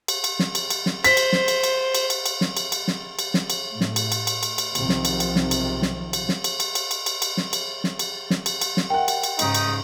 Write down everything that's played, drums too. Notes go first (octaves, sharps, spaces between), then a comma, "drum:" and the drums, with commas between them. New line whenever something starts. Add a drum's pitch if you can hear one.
drum: cymbal
drum: cymbal
drum: snare
drum: cymbal
drum: cymbal
drum: snare
C5 B6, drum: cymbal
drum: cymbal
drum: snare
drum: cymbal
drum: cymbal
drum: cymbal
drum: cymbal
drum: cymbal
drum: snare
drum: cymbal
drum: cymbal
drum: snare
drum: cymbal
drum: snare
drum: cymbal
A2 A3
drum: snare
drum: cymbal
drum: cymbal
drum: cymbal
drum: cymbal
drum: cymbal
B1 C3 D#3 F3, drum: cymbal
drum: snare
drum: cymbal
drum: cymbal
drum: snare
drum: cymbal
drum: snare
drum: cymbal
drum: snare
drum: cymbal
drum: cymbal
drum: cymbal
drum: cymbal
drum: cymbal
drum: cymbal
drum: snare
drum: cymbal
drum: snare
drum: cymbal
drum: snare
drum: cymbal
drum: cymbal
drum: snare
A#4 E5 F#5 G5
drum: cymbal
drum: cymbal
G#2 C#3 D#4, drum: cymbal
drum: cymbal